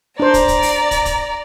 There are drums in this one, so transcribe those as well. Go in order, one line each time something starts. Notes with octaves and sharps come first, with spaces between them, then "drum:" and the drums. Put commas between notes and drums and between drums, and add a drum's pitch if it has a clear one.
D4 C5 D5 A#5
drum: kick, hi-hat
drum: kick, hi-hat
drum: open hi-hat
drum: kick, hi-hat
drum: kick, hi-hat